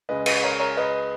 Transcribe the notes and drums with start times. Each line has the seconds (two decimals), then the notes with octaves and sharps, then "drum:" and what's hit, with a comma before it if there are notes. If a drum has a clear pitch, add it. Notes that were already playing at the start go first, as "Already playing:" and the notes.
0.09 C#2 C#3 G#3 B4 D#5
0.26 B4 D#5, drum: cymbal
0.43 A#4 C#5
0.60 A#4 C#5
0.77 B4 D#5